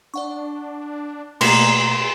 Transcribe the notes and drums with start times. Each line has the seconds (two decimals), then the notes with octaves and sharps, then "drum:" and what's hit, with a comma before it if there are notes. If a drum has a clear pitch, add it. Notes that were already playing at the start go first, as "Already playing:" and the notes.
0.14 D4 D5 F#5 C#6
1.41 B2 A3 A#3 A#5 C6 E7, drum: cymbal